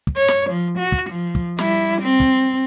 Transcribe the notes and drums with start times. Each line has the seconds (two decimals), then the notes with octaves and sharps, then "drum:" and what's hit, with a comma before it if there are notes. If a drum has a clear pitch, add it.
0.07 drum: kick
0.16 C#5
0.28 drum: snare
0.50 F3
0.78 F#4
0.92 drum: kick
1.10 F3
1.35 drum: kick
1.59 G3 E4, drum: snare
2.02 C4
2.20 drum: kick